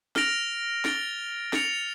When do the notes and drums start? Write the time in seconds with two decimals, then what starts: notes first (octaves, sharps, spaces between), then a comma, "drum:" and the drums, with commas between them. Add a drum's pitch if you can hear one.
0.16 F6 A#6 D7 F7, drum: snare
0.85 A6 D7 G7, drum: snare
1.53 A6 C#7 F7, drum: snare